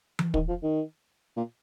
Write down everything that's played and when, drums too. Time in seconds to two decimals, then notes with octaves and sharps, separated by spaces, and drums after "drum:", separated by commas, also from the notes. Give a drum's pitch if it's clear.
0.19 drum: tom E3
0.34 D#3, drum: kick
0.49 F3
0.63 D#3
1.37 A#2